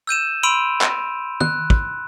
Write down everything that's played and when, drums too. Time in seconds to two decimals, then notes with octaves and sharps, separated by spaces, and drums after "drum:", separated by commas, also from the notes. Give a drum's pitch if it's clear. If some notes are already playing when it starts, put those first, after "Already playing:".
0.07 E6 G6 D#7 E7
0.43 B5 C6 E6 D7 D#7 F7
0.81 drum: clap
1.41 F#6, drum: tom
1.70 drum: kick